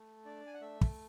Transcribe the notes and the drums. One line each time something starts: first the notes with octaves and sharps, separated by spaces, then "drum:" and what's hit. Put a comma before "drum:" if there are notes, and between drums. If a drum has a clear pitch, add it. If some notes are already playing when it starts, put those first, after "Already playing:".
Already playing: A3
D4 D5
G#5
F#5
A3 E5
drum: kick